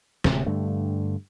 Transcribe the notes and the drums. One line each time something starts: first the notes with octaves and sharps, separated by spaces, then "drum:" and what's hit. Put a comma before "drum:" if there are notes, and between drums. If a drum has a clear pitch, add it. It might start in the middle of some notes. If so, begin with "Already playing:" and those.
D1 C3 G#3, drum: snare
G2 D3 A3